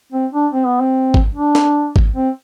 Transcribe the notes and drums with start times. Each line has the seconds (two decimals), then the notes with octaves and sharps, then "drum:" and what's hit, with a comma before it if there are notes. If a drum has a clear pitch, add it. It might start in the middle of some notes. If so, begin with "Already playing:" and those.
0.12 C4
0.33 D4
0.53 C4
0.66 B3
0.80 C4
1.14 drum: kick G#1
1.35 D4
1.55 drum: snare
1.96 drum: kick G#1
2.16 C4